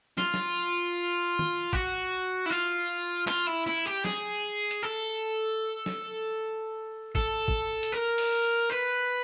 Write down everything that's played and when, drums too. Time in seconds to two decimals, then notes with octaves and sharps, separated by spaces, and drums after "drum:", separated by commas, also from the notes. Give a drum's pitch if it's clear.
0.18 F4, drum: snare
0.34 drum: snare
1.39 drum: tom D#3
1.73 F#4, drum: kick
2.46 E4
2.50 F4
3.28 F4, drum: clap
3.47 E4
3.66 E4
3.86 G4
4.05 G#4, drum: snare
4.71 drum: hi-hat
4.83 A4
5.86 drum: snare
7.15 A4, drum: kick
7.48 drum: kick
7.83 drum: hi-hat
7.92 A#4
8.18 drum: open hi-hat
8.70 B4